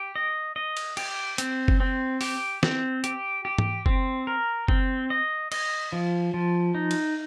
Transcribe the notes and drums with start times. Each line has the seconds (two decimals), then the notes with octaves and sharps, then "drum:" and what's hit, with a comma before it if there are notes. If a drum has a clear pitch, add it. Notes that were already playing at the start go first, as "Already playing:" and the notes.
Already playing: G4
0.16 D#5
0.56 D#5
0.77 drum: cymbal
0.97 G4, drum: cymbal
1.38 C4, drum: hi-hat
1.68 drum: kick F#1
1.80 C4
2.21 G4, drum: open hi-hat
2.63 C4, drum: snare
3.04 G4, drum: hi-hat
3.45 G4
3.58 drum: tom G#2
3.86 C4, drum: kick F#1
4.27 A#4
4.68 C4, drum: kick F#1
5.10 D#5
5.52 D#5, drum: cymbal
5.93 F3
6.34 F3
6.75 D#4
6.91 drum: cymbal